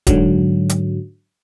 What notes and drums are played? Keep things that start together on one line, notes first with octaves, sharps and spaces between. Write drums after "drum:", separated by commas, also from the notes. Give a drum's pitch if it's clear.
G#2 D3 F#3, drum: kick D1, hi-hat
drum: hi-hat